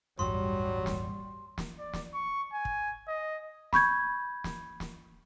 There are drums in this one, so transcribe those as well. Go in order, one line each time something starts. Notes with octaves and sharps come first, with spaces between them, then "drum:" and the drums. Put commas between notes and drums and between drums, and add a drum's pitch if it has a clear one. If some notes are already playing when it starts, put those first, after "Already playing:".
A1 E2 G2 F#3 G3 C6
drum: snare
drum: snare
D5
drum: snare
C#6
G#5
drum: kick
D#5
B5 C#6 G6 G#6, drum: snare
drum: snare
drum: snare